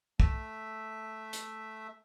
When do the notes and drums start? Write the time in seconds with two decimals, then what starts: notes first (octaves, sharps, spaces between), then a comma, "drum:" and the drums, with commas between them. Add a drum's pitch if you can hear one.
0.20 A3 E5, drum: kick
1.33 drum: hi-hat